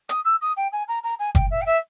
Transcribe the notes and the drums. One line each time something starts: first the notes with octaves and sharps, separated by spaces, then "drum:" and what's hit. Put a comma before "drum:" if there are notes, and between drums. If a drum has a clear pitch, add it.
D#6, drum: hi-hat
E6
D#6
G5
G#5
A#5
A#5
G#5
G5, drum: kick F#1, hi-hat
E5
G5
E5